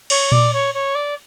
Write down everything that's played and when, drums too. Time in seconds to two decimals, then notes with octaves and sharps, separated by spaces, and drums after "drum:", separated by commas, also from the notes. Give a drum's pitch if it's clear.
0.10 C#5, drum: cymbal
0.32 D5, drum: tom A#2
0.53 C#5
0.74 C#5
0.95 D5